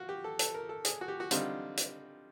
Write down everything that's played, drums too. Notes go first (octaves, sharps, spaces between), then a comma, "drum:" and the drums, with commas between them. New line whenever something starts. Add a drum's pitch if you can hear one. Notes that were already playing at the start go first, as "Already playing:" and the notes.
Already playing: F4 F#4
G4
A4
A4, drum: hi-hat
A#4
A4
G#4, drum: hi-hat
F#4
G4
F#4
D3 G3 C4 D#4 F4, drum: hi-hat
drum: hi-hat